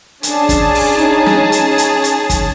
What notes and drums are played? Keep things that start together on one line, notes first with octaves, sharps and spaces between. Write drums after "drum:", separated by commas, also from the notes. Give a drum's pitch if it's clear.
C#4 D4 G#4 A5, drum: hi-hat
drum: kick, hi-hat
drum: open hi-hat
D#4
drum: snare
drum: hi-hat
drum: hi-hat
drum: hi-hat
drum: kick, hi-hat